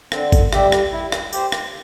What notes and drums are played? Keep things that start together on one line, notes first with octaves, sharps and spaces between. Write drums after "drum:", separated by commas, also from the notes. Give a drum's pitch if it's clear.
D3 C4, drum: rim click
drum: kick G#1, tambourine
G3 G4 E5 G5, drum: rim click
drum: rim click
E4
drum: rim click
G4 C5, drum: tambourine
drum: rim click